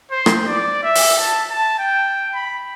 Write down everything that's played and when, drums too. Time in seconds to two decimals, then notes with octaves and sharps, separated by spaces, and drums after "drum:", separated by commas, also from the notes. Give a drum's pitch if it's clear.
0.11 C5
0.26 drum: rim click
0.47 D5
0.83 E5
0.95 drum: open hi-hat
1.20 A5
1.50 A5
1.79 G5
2.34 B5